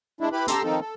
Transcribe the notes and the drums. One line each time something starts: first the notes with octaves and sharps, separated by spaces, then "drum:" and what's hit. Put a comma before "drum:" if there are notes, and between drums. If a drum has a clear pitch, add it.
G#3 D4 E4
E4 G4 B4 B5
G4 A4 A#5 C6 E6, drum: hi-hat
D#3 F3 C4 D#4 A4
A4